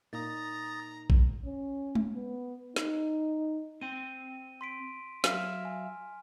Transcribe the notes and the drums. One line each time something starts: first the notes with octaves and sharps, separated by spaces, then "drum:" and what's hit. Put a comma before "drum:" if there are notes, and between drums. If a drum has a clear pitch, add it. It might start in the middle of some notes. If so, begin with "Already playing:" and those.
A#2 A#3 D#4 A#5 D#6 A6
drum: kick
C#4
drum: tom G#3
B3
D#4, drum: snare
C4 G5 D#7
C6 B6 D7
F#3 E5 F5 F6, drum: snare
G#5